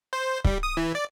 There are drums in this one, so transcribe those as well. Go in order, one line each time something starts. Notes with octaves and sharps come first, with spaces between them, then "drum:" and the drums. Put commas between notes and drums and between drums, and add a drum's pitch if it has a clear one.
C5
G3, drum: kick C#1
D#6
E3
D5